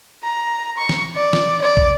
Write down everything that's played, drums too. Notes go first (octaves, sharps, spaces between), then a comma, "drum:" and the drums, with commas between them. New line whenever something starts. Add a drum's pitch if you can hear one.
A#5
C#6
drum: snare
D5
drum: snare
D5
drum: kick